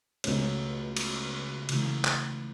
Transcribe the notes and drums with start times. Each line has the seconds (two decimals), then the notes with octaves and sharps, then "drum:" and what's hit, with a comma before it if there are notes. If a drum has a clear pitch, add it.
0.24 C#2 B2 A3 C#4, drum: cymbal
0.97 drum: cymbal
1.69 C#3 E3 A3, drum: cymbal
2.05 drum: clap